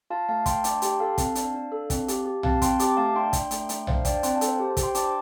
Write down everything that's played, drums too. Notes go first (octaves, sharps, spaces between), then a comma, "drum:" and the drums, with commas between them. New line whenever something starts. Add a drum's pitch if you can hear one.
F4 F5 A5
A3 F5 A5
A3 G5 C6, drum: kick, hi-hat
D4 A5 D6, drum: hi-hat
G4 G5 C6, drum: hi-hat
A4 F5 A5
C4, drum: kick, hi-hat
D4, drum: hi-hat
D4
A4
C4, drum: kick, hi-hat
G4, drum: hi-hat
G4
C4 F5 A5, drum: tom B1
C4 G5 C6, drum: kick, hi-hat
G4 A5 D6, drum: hi-hat
A3 F5 A5
D4 G5 C6
D4, drum: kick, hi-hat
A3, drum: hi-hat
A3, drum: hi-hat
D4 C5 F5, drum: tom B1
D4 D5 G5, drum: kick, hi-hat
C4 G5 C6, drum: hi-hat
F5 A5
A4, drum: hi-hat
C5
G4 C5
C5
G4, drum: kick, hi-hat
G5 C6
D4 A5 D6, drum: hi-hat